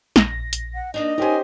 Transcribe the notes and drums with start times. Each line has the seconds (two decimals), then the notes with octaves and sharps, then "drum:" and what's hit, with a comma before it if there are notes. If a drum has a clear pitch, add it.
0.16 A#1 A#6, drum: snare
0.53 drum: hi-hat
0.75 F#5
0.94 A#3 D4 D#4 D#5
1.18 C#4 D#4 G4 A#4 C5 G#5